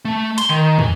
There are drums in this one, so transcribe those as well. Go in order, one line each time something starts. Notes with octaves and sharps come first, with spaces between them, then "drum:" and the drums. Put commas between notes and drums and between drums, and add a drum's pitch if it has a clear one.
A3
C6, drum: hi-hat
D#3
E3, drum: tom